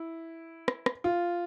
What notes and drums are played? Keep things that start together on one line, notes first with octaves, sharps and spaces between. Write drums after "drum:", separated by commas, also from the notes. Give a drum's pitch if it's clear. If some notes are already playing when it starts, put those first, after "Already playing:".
Already playing: E4
drum: rim click
drum: rim click
F4